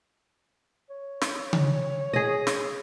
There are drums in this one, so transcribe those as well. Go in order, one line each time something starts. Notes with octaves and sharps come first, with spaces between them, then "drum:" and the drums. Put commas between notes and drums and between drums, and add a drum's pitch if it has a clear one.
C#5
drum: snare
drum: tom C#3
G#4 D#5
drum: snare